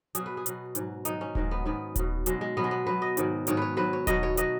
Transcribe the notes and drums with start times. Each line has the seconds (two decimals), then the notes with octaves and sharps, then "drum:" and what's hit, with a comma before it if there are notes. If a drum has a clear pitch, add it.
0.15 F#3 G#4, drum: hi-hat
0.20 B2
0.26 B4
0.37 G#4
0.46 B2 F#3, drum: hi-hat
0.75 G#2 F#3, drum: hi-hat
1.05 G#2 D#3 F#3 D#4, drum: hi-hat
1.21 C#4
1.35 G#2 D#3 F#3 G#3, drum: kick D#1
1.51 B3
1.65 G#2 D#3 F#3 B3
1.96 B2 F#3, drum: kick D#1, hi-hat
2.26 B2 F#3 G#3, drum: hi-hat
2.41 G#3
2.57 B2 F#3 B3
2.64 G#3
2.71 B3
2.86 B2 F#3 B4
3.02 D#5
3.17 G#2 D#3 F#3, drum: hi-hat
3.47 G#2 D#3 F#3 C#5, drum: hi-hat
3.57 B4 C#5
3.77 G#2 F#3 B4
3.93 C#5
4.07 B2 F#3 D#5, drum: kick D#1, hi-hat
4.23 C#5
4.37 F#3 D#5, drum: hi-hat